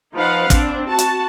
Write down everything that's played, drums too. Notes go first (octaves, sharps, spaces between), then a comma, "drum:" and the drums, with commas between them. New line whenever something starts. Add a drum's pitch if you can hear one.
F3 D#4 B4 F5 F#5
C4 D4, drum: kick, hi-hat
F#4 A5
drum: hi-hat